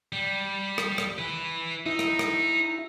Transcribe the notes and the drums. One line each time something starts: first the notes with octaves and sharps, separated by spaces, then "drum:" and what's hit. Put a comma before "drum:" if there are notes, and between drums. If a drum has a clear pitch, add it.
G3
drum: rim click
drum: rim click
E4 B4
D#4 E4
drum: rim click
drum: rim click